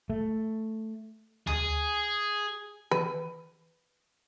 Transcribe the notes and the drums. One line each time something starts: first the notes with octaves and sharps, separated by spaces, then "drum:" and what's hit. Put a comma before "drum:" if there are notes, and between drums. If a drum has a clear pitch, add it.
A3
G#4, drum: tom D2
B4, drum: tom E3